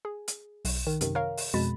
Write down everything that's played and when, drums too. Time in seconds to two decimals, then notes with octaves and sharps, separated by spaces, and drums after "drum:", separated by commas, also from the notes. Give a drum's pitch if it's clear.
0.05 G#4
0.28 drum: hi-hat
0.65 B1, drum: open hi-hat
0.87 D#3
1.01 F#2 C3 D#3, drum: hi-hat
1.15 A#4 C#5 F5
1.37 drum: open hi-hat
1.54 F2 B2 G#3 B5 A6